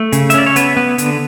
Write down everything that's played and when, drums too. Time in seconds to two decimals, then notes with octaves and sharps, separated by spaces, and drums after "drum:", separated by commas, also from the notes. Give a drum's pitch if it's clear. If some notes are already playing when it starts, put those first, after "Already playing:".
Already playing: A3
0.12 C#3, drum: hi-hat
0.30 E5, drum: hi-hat
0.34 C#4 D5
0.46 C#5
0.56 B3 B4, drum: hi-hat
0.77 B3
0.98 D3, drum: hi-hat